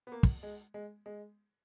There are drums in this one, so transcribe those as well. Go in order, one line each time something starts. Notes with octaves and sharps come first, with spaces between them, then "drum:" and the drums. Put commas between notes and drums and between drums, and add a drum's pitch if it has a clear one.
B3
A#3
drum: kick
G#3
G#3
G#3